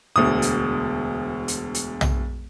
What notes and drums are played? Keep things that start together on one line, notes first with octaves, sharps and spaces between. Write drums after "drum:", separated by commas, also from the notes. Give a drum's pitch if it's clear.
E1 D2 D#6
drum: hi-hat
drum: hi-hat
drum: hi-hat
drum: tom